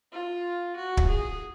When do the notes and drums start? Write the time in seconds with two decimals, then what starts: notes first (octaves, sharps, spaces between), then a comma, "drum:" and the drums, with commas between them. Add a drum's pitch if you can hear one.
0.12 F4
0.76 F#4
0.97 drum: kick
1.08 G#4